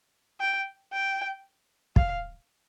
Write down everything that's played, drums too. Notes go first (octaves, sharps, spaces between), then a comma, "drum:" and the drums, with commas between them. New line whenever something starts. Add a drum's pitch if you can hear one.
G5
G5
F5, drum: kick